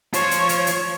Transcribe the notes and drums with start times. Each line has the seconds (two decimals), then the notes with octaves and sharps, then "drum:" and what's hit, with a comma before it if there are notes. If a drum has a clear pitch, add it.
0.13 F4 C5 C#5, drum: hi-hat
0.31 drum: hi-hat
0.49 drum: hi-hat
0.67 drum: hi-hat